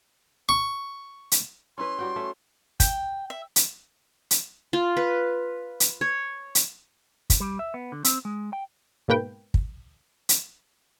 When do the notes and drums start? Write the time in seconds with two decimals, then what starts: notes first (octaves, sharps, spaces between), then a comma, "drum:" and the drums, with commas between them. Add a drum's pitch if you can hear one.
0.49 C#6
1.31 drum: hi-hat
1.78 C#4 E4 B4 C6
1.99 G3 F#4 G5
2.16 A3 C#4 E5
2.80 G5, drum: kick, hi-hat
3.30 E5
3.56 drum: hi-hat
4.31 drum: hi-hat
4.73 F4
4.97 B4
5.80 drum: hi-hat
6.01 C#5
6.55 drum: hi-hat
7.30 drum: kick, hi-hat
7.40 G3
7.59 E5
7.74 B3
7.92 D3
8.04 C4, drum: hi-hat
8.25 G#3
8.53 G5
9.08 G#2 B2 A#3 B4 G5
9.54 drum: kick
10.29 drum: hi-hat